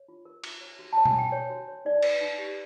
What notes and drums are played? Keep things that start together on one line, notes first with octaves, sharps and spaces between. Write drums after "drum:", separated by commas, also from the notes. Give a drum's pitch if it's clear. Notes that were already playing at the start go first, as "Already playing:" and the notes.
Already playing: C#5
F4
A#4
F4, drum: cymbal
C#5
F#4
A5
C#5
G#5, drum: tom B2
F#4 G5
A4 C#5
F#4
C#5
D#4 D5
B4, drum: cymbal
D#4
G4